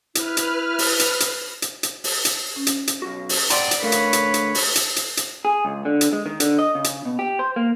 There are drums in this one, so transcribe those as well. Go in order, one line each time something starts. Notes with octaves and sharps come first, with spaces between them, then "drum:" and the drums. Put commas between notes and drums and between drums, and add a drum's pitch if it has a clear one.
E4 B4 F6, drum: hi-hat
drum: hi-hat
drum: open hi-hat
drum: hi-hat
drum: hi-hat
drum: hi-hat
drum: hi-hat
drum: open hi-hat
drum: hi-hat
C#4
drum: hi-hat
drum: hi-hat
B1 F#4
drum: open hi-hat
D5 F#5 G5 A#5 C6, drum: hi-hat
drum: hi-hat
D3 A3 A#4 B4 C#5 F5
drum: hi-hat
drum: hi-hat
drum: hi-hat
drum: open hi-hat
drum: hi-hat
drum: hi-hat
drum: hi-hat
G#4
C#2
D3
drum: hi-hat
G#3
D#3
D3, drum: hi-hat
D#5
C#3
drum: hi-hat
B2
G4
C5
A#3